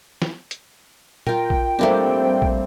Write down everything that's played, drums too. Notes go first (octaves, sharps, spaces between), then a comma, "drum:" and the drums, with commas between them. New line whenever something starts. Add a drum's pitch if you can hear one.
drum: snare
drum: hi-hat
F4 A#4 G5, drum: tom A#2
drum: kick A#1
G3 A3 A#3 C4 D4
drum: kick A#1